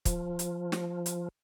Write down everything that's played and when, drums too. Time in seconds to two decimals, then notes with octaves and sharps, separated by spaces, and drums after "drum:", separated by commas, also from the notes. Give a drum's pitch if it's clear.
0.05 F3, drum: kick, hi-hat
0.39 drum: hi-hat
0.72 drum: snare
1.06 drum: hi-hat